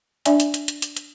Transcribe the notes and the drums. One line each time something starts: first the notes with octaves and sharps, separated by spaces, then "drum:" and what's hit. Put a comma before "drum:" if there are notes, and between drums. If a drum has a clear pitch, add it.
D4 D5 E5 G#5, drum: hi-hat
drum: hi-hat
drum: hi-hat
drum: hi-hat
drum: hi-hat
drum: hi-hat